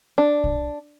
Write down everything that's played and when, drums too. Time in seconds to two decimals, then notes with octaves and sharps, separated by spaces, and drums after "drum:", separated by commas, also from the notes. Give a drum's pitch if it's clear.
0.18 D4
0.44 drum: kick